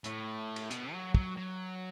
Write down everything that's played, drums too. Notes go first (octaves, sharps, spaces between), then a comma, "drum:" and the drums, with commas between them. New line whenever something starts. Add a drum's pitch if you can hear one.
A2, drum: hi-hat
drum: cymbal
B2, drum: hi-hat
F#3
F#3, drum: kick
F#3